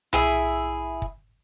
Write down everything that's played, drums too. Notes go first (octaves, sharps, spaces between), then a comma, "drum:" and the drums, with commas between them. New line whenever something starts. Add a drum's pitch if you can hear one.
E4 G#4 E5, drum: tom B1
drum: kick